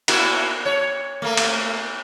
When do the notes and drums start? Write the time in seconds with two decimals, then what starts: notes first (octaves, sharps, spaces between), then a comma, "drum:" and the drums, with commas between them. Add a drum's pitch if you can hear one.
0.08 A#3 E4 F#4, drum: cymbal
0.65 C#5
1.22 A3 A#3
1.37 drum: cymbal